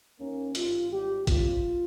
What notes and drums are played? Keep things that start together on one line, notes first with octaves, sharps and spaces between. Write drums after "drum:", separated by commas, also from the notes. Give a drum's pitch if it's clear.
D#2 D#3 A#3 C#4
G#1 G2 G3 F4, drum: hi-hat
G#1 G#2 G3 G4
C2 C3 G3 F4, drum: kick, hi-hat